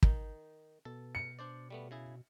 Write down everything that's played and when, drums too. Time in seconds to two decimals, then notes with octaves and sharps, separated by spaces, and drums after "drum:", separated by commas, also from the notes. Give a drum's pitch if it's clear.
0.03 D#3 D#4, drum: kick
0.85 B2 A4
1.15 C#7
1.39 D4 C5 D5
1.70 G3 A3 B3
1.91 C#3 E4 G#4